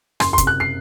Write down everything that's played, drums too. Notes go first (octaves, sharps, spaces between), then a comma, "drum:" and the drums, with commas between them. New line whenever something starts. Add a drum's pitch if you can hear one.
F#1 C6, drum: rim click
C6
C3, drum: kick, hi-hat
F#6
C7